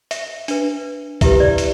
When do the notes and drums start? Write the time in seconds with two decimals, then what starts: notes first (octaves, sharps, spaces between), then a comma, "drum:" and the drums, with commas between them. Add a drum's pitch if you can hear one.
0.11 E5, drum: hi-hat
0.48 D4 B4, drum: hi-hat
1.21 E4 G4 B4 E5, drum: kick, hi-hat
1.40 D5
1.58 drum: hi-hat